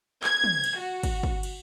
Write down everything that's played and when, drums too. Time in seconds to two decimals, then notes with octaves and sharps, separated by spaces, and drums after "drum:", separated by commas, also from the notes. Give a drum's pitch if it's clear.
0.24 G#6, drum: clap
0.44 drum: tom
0.64 drum: cymbal
0.78 F#4
1.03 drum: kick, cymbal
1.23 drum: kick
1.43 drum: cymbal